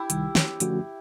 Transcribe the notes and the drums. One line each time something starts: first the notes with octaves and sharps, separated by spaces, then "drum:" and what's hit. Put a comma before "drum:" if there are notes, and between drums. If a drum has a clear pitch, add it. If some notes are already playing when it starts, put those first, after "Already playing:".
Already playing: E4 G4
C2 C3 D#3 G3, drum: hi-hat
drum: snare
D3 F3 A3 C#4 F#4, drum: hi-hat